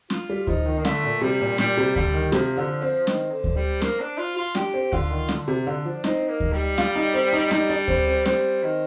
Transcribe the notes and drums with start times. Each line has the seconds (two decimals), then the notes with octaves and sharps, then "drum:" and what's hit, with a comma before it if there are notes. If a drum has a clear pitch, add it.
0.10 F4, drum: snare
0.30 G3
0.47 F3 D#4, drum: kick D2
0.66 D#3
0.78 A#3
0.85 D3 A3, drum: snare
1.04 A#2
1.21 C3 G3
1.41 A#2
1.58 A#2 G3, drum: snare
1.77 C3
1.96 D3 G3, drum: kick D2
2.14 D#3
2.32 C3 F3, drum: snare
2.57 D3
2.82 C4
3.07 D#3, drum: snare
3.31 D3
3.44 drum: kick D2
3.56 G3
3.82 A#3, drum: snare
4.00 D4
4.18 F4
4.36 F4
4.55 D4 G4, drum: snare
4.74 C4
4.92 D3 F4, drum: kick D2
5.10 D#3
5.29 D3, drum: snare
5.48 C3
5.66 D3 D4
5.85 F3
6.04 C4 D#4, drum: snare
6.28 A#3
6.40 drum: kick D2
6.53 G3
6.78 F4, drum: snare
6.96 D#4
7.14 C4
7.33 D#4
7.51 G3 D#4, drum: snare
7.69 D4
7.88 C4, drum: kick D2
8.08 C4
8.26 G3 C4, drum: snare
8.63 D#3